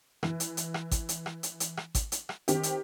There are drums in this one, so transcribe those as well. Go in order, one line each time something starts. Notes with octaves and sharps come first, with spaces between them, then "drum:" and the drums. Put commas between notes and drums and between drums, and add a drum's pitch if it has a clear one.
E3, drum: rim click
drum: hi-hat
drum: hi-hat
drum: rim click
drum: kick G#1, hi-hat
drum: hi-hat
drum: rim click
drum: hi-hat
drum: hi-hat
drum: rim click
drum: kick G#1, hi-hat
drum: hi-hat
drum: rim click
D#3 C4 G4, drum: hi-hat
drum: hi-hat